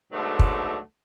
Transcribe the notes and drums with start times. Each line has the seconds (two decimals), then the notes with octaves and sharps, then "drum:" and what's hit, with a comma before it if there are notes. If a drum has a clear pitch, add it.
0.12 G#2 B2 D3 F#3 A3
0.39 drum: kick